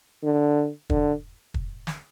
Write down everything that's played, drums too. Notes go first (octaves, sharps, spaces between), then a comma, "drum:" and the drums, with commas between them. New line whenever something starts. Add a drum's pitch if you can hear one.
D3
D3, drum: kick
drum: kick
drum: snare